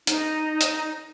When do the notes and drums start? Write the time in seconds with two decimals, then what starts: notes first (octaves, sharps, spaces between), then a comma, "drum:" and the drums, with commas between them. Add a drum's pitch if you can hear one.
0.07 D#4, drum: hi-hat
0.61 drum: hi-hat